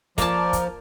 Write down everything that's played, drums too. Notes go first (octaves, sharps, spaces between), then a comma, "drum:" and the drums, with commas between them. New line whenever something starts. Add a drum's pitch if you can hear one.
F3 A#3 A#4 D5 A5, drum: kick, hi-hat
drum: kick, hi-hat